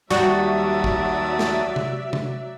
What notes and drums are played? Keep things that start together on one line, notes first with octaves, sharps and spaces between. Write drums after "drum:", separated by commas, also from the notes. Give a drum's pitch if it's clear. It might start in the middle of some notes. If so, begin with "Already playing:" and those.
D#2 F#3 G3 F#4 D5 E5 A5 D#6
drum: kick
drum: snare
drum: tom C3
drum: tom C3